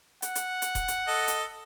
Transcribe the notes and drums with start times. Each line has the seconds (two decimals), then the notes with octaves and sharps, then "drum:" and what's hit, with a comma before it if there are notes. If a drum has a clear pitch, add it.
0.22 F#5, drum: hi-hat
0.35 drum: hi-hat
0.62 drum: hi-hat
0.75 drum: kick D#1, hi-hat
0.88 drum: hi-hat
1.08 A4 D#5
1.28 drum: hi-hat